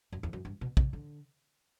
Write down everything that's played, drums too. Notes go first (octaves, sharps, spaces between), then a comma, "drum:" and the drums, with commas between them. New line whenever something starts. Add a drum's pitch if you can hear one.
F#2
E2
F#2
G2
B2
C3, drum: kick
D3